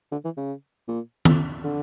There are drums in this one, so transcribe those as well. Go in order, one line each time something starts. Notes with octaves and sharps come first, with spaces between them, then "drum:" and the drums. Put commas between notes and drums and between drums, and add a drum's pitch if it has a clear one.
D3
E3
C#3
A#2
F2, drum: tom D#3
D3